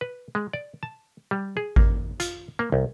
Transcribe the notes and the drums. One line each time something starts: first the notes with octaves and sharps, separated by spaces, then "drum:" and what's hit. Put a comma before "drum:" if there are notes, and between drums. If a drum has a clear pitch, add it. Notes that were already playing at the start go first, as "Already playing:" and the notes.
B4
G#3
D5
A5
G3
G#4
A#3, drum: kick G#1
F4, drum: hi-hat
A#3
C2